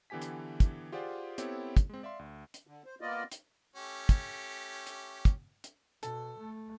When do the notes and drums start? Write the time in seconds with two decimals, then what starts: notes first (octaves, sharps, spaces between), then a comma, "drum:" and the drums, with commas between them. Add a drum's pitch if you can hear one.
0.10 D3 E3 B3 G4 G#5 B6
0.22 drum: hi-hat
0.60 drum: kick, hi-hat
0.92 F4 G4 G#4 C5 D5 F#5
1.38 B3 C4 E4 G4 A4 C#5, drum: hi-hat
1.77 drum: kick, hi-hat
1.89 G#3 C4
2.03 D5 E5 F5 C6
2.19 D2
2.54 drum: hi-hat
2.67 D3
2.86 C5
3.01 A#3 B3 F4 D5 D#5
3.32 drum: hi-hat
3.76 A3 C#4 G4
4.09 drum: kick, hi-hat
4.87 drum: hi-hat
5.25 drum: kick, hi-hat
5.64 drum: hi-hat
6.03 B2 A4, drum: hi-hat
6.38 A3